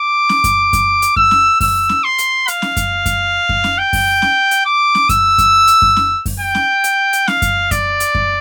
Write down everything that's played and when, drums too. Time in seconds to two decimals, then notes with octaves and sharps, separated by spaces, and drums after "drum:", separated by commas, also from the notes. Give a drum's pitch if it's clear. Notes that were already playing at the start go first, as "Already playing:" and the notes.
Already playing: D6
0.29 drum: snare C#4
0.44 drum: kick F#2, hi-hat
0.73 drum: kick F#2, hi-hat
1.02 drum: hi-hat
1.16 E6, drum: kick F#2
1.31 drum: snare C#4
1.61 E6, drum: kick F#2, open hi-hat
1.89 drum: snare C#4
2.04 C6
2.18 drum: hi-hat
2.48 F5, drum: hi-hat
2.62 drum: snare C#4
2.77 drum: kick F#2, hi-hat
3.06 drum: kick F#2, hi-hat
3.49 drum: kick F#2
3.64 drum: snare C#4
3.78 G5
3.93 drum: kick F#2, open hi-hat
4.22 drum: snare C#4
4.51 drum: hi-hat
4.65 D6
4.95 drum: snare C#4
5.09 E6, drum: kick F#2, hi-hat
5.38 drum: kick F#2, hi-hat
5.67 drum: hi-hat
5.82 drum: kick F#2
5.97 drum: snare C#4
6.26 drum: kick F#2, open hi-hat
6.40 G5
6.55 drum: snare C#4
6.84 drum: hi-hat
7.13 drum: hi-hat
7.28 F5, drum: snare C#4
7.42 drum: kick F#2, hi-hat
7.71 D5, drum: kick F#2, hi-hat
8.00 drum: hi-hat
8.15 drum: kick F#2